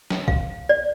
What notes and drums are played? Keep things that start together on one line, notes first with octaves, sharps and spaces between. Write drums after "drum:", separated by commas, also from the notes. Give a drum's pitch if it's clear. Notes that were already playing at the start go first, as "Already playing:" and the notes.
drum: snare
F5, drum: kick
D5